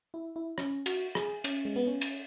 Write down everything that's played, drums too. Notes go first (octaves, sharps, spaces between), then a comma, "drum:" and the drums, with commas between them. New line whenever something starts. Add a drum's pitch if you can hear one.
E4
E4
C#4, drum: rim click
F#4, drum: cymbal
G#4, drum: rim click
C#4, drum: cymbal
G#3
B3
C#4
drum: cymbal